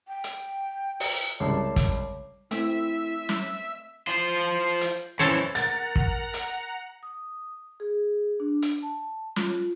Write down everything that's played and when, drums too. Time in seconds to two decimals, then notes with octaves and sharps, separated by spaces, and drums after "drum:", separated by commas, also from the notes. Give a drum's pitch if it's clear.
0.08 G5
0.24 drum: hi-hat
1.00 drum: open hi-hat
1.40 C2 C#3 G3 G#3 C#5 A5 D6 C7
1.76 drum: kick, hi-hat
2.51 A3 C4 E4 E5, drum: hi-hat
3.29 drum: snare
4.07 F4 C5
4.81 drum: hi-hat
5.19 F#2 E3 A4 C5 C#5
5.55 A#4 F#5 A#5 A6, drum: hi-hat
5.96 drum: kick
6.34 drum: hi-hat
7.03 D#6
7.80 G#4
8.40 D4
8.62 drum: hi-hat
8.82 A5
9.36 F4, drum: snare